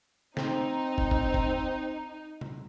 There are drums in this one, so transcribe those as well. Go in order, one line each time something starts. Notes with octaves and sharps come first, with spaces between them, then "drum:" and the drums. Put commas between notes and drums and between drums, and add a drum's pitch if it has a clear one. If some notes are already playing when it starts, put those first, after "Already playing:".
C4 D#4, drum: snare
drum: kick
drum: kick
drum: kick
drum: tom B2